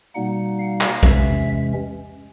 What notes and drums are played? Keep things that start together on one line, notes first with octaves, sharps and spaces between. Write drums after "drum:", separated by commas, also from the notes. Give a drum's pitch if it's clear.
B2 G3 A#3 D#4 F#5
F5
drum: clap
C3 E3 G#3 C#4 E5, drum: kick